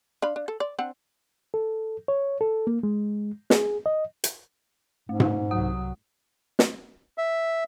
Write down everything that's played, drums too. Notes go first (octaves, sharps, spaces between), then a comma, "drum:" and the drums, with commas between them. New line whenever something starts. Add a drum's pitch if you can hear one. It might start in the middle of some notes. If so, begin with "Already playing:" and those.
D4 F5 B5
D4
A4
D5
C4 D4 F#5
A4
C#5
A4
A#3
G#3
G#4, drum: snare
D#5
drum: hi-hat
G#2 A3
drum: tom G#2
C2 F#3 F#5 D#6
drum: snare
E5